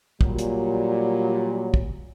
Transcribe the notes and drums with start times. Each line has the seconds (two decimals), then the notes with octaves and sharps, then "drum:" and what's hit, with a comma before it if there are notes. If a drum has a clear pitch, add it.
0.21 A#2 F#3 G3, drum: kick
0.39 drum: hi-hat
1.74 drum: kick